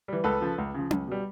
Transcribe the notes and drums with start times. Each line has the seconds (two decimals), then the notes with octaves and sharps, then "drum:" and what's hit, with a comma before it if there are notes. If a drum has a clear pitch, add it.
0.08 E3 G3
0.24 C#2 A4 B4
0.40 C#3 F3
0.58 C#2
0.74 C#3 F3
0.91 C#2, drum: tom C#4
1.07 B2 G3